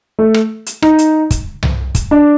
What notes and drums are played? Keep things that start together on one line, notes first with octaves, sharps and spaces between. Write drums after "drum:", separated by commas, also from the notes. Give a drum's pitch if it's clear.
A3
drum: rim click
drum: hi-hat
D#4, drum: rim click
drum: hi-hat
drum: kick, hi-hat
drum: tom C2
drum: kick, hi-hat
D4